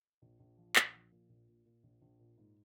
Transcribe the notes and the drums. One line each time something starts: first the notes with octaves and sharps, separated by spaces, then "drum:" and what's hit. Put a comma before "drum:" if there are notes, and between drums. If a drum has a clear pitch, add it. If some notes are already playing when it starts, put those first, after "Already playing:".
A#1
A#1
F3
A#1, drum: clap
F3
A#2
A#1
A#2
A#2
A#1
A#1
A#2
G#2